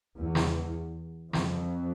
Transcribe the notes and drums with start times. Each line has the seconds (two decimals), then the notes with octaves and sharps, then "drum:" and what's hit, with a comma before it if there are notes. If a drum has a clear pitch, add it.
0.15 E2
0.35 drum: snare
1.33 F2, drum: snare